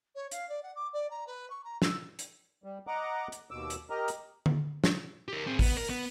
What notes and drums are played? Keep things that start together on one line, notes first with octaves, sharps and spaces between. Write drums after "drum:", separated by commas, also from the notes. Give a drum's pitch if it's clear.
C#5
F5, drum: hi-hat
D5
F#5
D6
D5
A#5
B4
C#6
A#5
E6, drum: snare
drum: hi-hat
G3
D#5 F#5 A#5 D6
drum: hi-hat
D#2 B2 D6 E6
drum: hi-hat
G4 A#4 D#5 A#5
drum: hi-hat
drum: tom D3
drum: snare
G4 A#4
C4 G#4
B3, drum: kick, open hi-hat
A#4
B3